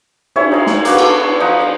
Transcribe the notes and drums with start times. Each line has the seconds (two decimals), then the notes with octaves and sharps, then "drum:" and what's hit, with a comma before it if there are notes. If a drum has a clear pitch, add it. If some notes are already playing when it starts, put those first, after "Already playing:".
0.36 E4 C#5 E5, drum: cymbal
0.52 D#4 E4 F5
0.67 drum: snare
0.85 A#3 B3 F#4, drum: hi-hat
0.99 E4 A4 D6, drum: cymbal
1.40 F3 D#4 F#5 D#6
1.60 F5